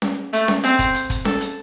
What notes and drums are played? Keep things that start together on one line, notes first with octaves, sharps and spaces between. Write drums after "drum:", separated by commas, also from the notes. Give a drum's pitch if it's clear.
drum: snare C#4
A3, drum: hi-hat
drum: snare C#4
C4, drum: hi-hat
drum: kick, hi-hat
drum: hi-hat
drum: kick, hi-hat
A4, drum: snare C#4
drum: hi-hat